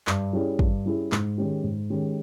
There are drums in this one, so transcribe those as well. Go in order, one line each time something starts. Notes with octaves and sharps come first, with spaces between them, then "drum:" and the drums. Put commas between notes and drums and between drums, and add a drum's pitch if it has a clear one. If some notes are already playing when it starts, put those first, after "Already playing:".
G2, drum: clap
G3 C#4 E4 G#4
G2, drum: kick
G3 C#4 E4 G#4
G#2, drum: clap
D#3 G#3 C#4 G4
G#2
D#3 G#3 C#4 G4